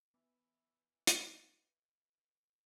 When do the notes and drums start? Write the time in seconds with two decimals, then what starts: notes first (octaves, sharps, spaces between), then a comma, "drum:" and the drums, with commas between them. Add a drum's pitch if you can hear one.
0.14 E3 B3
1.07 drum: hi-hat